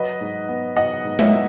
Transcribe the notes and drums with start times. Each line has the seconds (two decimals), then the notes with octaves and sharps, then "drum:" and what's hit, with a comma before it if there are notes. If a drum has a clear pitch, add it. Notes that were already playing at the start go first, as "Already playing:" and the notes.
Already playing: F#3 B4 D#5
0.21 G#2
0.49 B3
0.76 F#3 D#5 F#5
1.05 G#2
1.19 C#5 E5, drum: tom G#3
1.33 B3